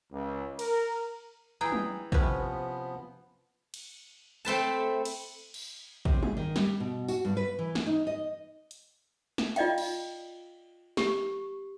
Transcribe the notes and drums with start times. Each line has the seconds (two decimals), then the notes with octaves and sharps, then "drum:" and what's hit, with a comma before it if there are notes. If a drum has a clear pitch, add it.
0.12 C#2
0.59 A#4, drum: cymbal
1.61 E3 G#4 G5 A#5 B5
1.72 drum: tom
2.12 C3 F3 B3 C#4 B4, drum: kick
3.74 drum: cymbal
4.45 A3 C4 B4 A5
5.05 drum: cymbal
5.54 drum: cymbal
6.05 C3, drum: kick
6.23 G#4, drum: tom
6.37 D#3
6.56 G3, drum: snare
6.80 B2
7.08 F#4, drum: tambourine
7.25 G2
7.37 B4
7.59 E3
7.75 drum: snare
7.86 D#4
8.07 D#5
8.71 drum: hi-hat
9.38 drum: snare
9.56 F4 D5 D#5 F5 G5, drum: hi-hat
9.78 drum: cymbal
10.97 G4 C#6, drum: snare